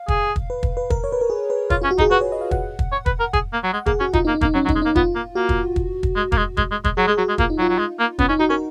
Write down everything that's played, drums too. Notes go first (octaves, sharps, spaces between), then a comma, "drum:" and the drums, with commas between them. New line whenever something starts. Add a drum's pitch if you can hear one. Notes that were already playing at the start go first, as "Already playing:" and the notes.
Already playing: F5
G#4, drum: kick
drum: kick
B4
drum: kick
B4
A#4, drum: kick
C#5
B4
A#4
G#4
B4
F4 C#5, drum: kick
C#4 F4
F#4
D#4 G#4, drum: kick
F#4 B4
C#5
D#5
F5
F#5, drum: kick
drum: kick
C#5
B4, drum: kick
A#4
G#4, drum: kick
A#3
F#3
G#3 F#5
A#3 G#4, drum: kick
C#4 F#4
D#4 F4, drum: kick
D#4
A#3
D#4
A#3, drum: kick
D#4
F#3 C#4
F#3
D#4, drum: kick
G#3
A#3 D#4
B3 F4, drum: kick
A#3
A#3 F#4
drum: kick
drum: kick
drum: kick
G#3
A#3, drum: kick
G#3
G#3, drum: kick
G#3
G#3, drum: kick
F#3 G#4
G#3 G#4
F#3 F#4
G#3
A#3 F4, drum: kick
D#4
F#3
F4
F#3
G#3
A#3
B3 C#4, drum: kick
C#4 D#4
D#4 F#4
C#4 A#4